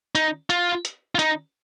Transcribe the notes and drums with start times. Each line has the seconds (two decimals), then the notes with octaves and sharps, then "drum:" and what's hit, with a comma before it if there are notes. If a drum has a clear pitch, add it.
0.15 D#4, drum: hi-hat
0.50 F4, drum: hi-hat
0.85 drum: hi-hat
1.15 F4
1.19 D#4, drum: hi-hat